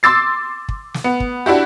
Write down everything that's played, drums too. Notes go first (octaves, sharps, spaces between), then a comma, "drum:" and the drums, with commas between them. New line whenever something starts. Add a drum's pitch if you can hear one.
C6 D6 E6 A6 C7
drum: kick
drum: snare
B3
drum: kick
D4 E4 F#4 G4